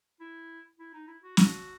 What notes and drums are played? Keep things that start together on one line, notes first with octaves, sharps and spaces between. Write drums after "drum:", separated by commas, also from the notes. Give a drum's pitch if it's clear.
E4
E4
D#4
E4
F#4
F#4, drum: snare